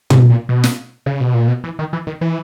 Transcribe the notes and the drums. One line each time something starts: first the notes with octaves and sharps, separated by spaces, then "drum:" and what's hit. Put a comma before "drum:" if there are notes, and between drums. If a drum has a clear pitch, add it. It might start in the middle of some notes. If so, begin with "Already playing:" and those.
G#2, drum: tom
A#2
B2
drum: snare
C#3
B2
A#2
B2
E3
D#3
E3
D#3
E3